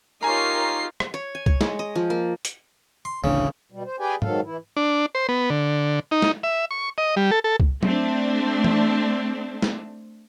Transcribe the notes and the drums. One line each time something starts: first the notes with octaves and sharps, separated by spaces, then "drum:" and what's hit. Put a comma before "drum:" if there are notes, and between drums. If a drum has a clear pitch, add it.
D#4 F4 G4 A#4 C#5 G#5 A#5 C7
drum: rim click
C#5
G#5
C#5, drum: kick C2
G#3, drum: snare
D#5
F3
A#3
drum: hi-hat
C6
D1 A1 C#3 D4
B2 G3
C5
G4 G#4 B4 D5 G5 G#5
G#2 D#3 F#3 A4 F5, drum: tom G#2
E3 E4
D4
C5
B3
D3
D#4
drum: snare
E5
C#6
D#5
G3
A4
A4
drum: kick C2
A3 C4 D4, drum: tom F#3
drum: tom E3
drum: snare